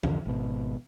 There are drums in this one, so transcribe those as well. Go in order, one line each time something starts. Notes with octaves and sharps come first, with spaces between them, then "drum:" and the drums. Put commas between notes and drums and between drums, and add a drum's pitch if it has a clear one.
C2 F2 D3, drum: tom E3
G#1 B2